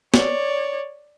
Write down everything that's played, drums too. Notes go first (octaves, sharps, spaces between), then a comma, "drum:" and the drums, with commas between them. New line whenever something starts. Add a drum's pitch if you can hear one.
C#5 D5, drum: snare